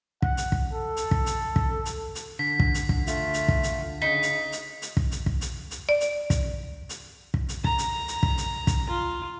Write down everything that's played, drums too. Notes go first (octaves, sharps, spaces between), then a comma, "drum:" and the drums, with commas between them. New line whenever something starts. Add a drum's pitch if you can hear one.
F#5, drum: kick
drum: hi-hat
drum: kick
A4
drum: hi-hat
drum: kick
drum: hi-hat
drum: kick
drum: hi-hat
drum: hi-hat
D3 B6
drum: kick
drum: hi-hat
drum: kick
A3 F4, drum: hi-hat
drum: hi-hat
drum: kick
drum: hi-hat
C#3 D#4 B6
drum: hi-hat
drum: hi-hat
drum: hi-hat
drum: kick
drum: hi-hat
drum: kick
drum: hi-hat
drum: hi-hat
D5
drum: hi-hat
drum: kick, hi-hat
drum: hi-hat
drum: kick
drum: hi-hat
A#5, drum: kick
drum: hi-hat
drum: hi-hat
drum: kick
drum: hi-hat
drum: kick, hi-hat
F4